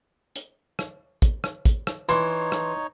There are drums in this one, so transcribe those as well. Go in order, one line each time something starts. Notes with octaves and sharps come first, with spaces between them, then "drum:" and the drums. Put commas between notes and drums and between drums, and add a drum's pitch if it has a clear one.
drum: hi-hat
drum: rim click
drum: kick, hi-hat
drum: rim click
drum: kick, hi-hat
drum: rim click
E3 D#4 C#5 C6, drum: hi-hat
drum: rim click